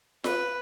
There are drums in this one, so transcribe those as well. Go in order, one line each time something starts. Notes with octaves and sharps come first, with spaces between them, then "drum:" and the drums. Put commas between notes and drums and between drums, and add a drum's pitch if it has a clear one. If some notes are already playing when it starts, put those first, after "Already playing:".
B4, drum: snare F4